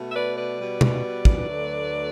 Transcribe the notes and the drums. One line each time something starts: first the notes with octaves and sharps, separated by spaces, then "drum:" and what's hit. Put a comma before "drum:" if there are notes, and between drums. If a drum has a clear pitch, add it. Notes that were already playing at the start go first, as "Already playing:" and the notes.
Already playing: B2 A3
E5
B4 D5
B4 D5
B2 G3
drum: tom
drum: kick
D2 D3 F#3 A3